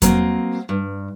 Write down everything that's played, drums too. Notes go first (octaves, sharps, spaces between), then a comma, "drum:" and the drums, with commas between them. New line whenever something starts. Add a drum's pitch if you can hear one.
F#3 A#3 C4 D#5, drum: kick E2, hi-hat
G2